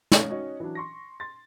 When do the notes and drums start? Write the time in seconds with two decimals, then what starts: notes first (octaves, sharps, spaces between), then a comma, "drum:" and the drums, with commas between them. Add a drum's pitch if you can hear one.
0.12 C#4 F5 C#6, drum: snare
0.30 C#4 D#4 F#4 C#5 D#5
0.60 E3 F#3 D4
0.75 C6 C#6 A#6
1.20 C6 A6